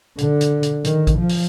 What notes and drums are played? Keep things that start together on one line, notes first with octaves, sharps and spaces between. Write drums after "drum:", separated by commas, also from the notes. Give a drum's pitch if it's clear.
D3, drum: hi-hat
drum: hi-hat
drum: hi-hat
D#3, drum: hi-hat
drum: kick A1, hi-hat
F3
drum: open hi-hat